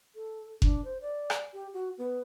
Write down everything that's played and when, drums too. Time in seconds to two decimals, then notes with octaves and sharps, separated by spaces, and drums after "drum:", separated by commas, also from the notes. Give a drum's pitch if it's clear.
0.15 A4
0.62 D4, drum: kick F#1
0.85 C5
1.01 D5
1.30 drum: rim click
1.53 G4
1.73 F#4
1.98 B3